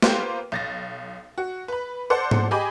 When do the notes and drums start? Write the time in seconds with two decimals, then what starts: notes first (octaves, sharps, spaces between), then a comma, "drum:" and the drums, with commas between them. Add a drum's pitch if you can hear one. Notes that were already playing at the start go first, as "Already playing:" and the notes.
0.02 A#3 B3 F4 G4 B4 C5, drum: snare
0.52 B1 A6 A#6
1.38 F#4
1.68 B4 B5
2.10 A4 C5 D5 F#5 A5
2.31 drum: tom G#2
2.51 G4 G#4 D#5 G#5 B5 D6